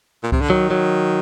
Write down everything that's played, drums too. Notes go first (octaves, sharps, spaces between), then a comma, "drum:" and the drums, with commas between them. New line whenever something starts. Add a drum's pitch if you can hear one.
A#2
C3, drum: kick C2
D3
D#3 F#3
F#3